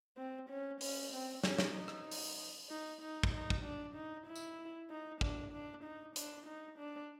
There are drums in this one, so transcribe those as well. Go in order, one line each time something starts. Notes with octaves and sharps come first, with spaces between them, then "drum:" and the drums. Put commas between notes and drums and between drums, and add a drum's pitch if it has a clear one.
C4
C#4
C#4, drum: open hi-hat
C4
C#4, drum: snare
drum: snare
D#4
drum: rim click
drum: open hi-hat
D#4
D#4
drum: kick
D#4
drum: kick
D4
D#4
E4
drum: tambourine
D#4
D4, drum: kick
D4
D#4
D4, drum: hi-hat
D#4
D4